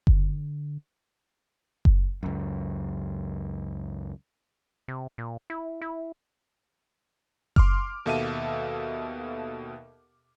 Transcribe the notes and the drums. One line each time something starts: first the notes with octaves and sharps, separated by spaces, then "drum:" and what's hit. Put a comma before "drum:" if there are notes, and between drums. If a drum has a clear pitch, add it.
D3, drum: kick F#1
drum: kick F#1
C#2 F#2
C3
A#2
E4
E4
C6 D6 F6, drum: kick F#1
D#2 B2 A4 E5 F5 D#7